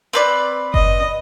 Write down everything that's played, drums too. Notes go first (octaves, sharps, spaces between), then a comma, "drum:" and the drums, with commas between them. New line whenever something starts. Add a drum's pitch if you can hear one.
C4 B4 D5
D#5, drum: kick F#1